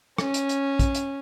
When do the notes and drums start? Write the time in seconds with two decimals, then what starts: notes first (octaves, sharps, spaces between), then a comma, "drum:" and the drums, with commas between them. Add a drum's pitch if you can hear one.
0.18 C#4, drum: rim click
0.34 drum: hi-hat
0.49 drum: hi-hat
0.79 drum: kick, hi-hat
0.95 drum: hi-hat